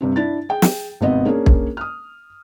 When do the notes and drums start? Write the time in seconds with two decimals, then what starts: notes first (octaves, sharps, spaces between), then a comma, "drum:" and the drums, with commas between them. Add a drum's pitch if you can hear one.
0.01 G2 C3 C4
0.16 D4 E4 A6
0.49 G#4 G5
0.62 drum: snare
1.01 G#1 C3 B3 C4 D#5
1.25 A#3 C#4 D4 G#4 A#4
1.46 drum: kick
1.77 D#6 F6